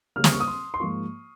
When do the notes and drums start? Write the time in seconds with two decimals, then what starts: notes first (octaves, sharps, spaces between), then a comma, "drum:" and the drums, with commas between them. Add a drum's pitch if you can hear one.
0.16 C#3 G3 A#3 F6
0.24 D#6, drum: snare
0.32 C#6
0.40 D#6
0.48 C6
0.74 C6
0.80 G#2 F3 A#3 F4 C#6